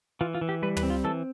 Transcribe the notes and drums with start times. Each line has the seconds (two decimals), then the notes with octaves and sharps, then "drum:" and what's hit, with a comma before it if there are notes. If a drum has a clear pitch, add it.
0.21 E3 F4
0.35 F4
0.41 E3
0.49 G4
0.63 G3 B4
0.77 B4, drum: tom
0.83 C4
0.90 F4
1.04 E3 A4